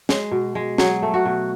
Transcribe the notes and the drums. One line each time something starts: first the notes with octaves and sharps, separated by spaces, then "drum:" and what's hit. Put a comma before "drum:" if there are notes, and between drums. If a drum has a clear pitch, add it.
G#3, drum: snare
B2
G#3
F#3 G#4, drum: snare
A3
F#4
B2